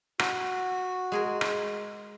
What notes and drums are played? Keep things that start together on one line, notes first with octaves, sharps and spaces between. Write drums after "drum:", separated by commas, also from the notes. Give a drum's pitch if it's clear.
F#4, drum: rim click
G#3 G#4 A#4
drum: rim click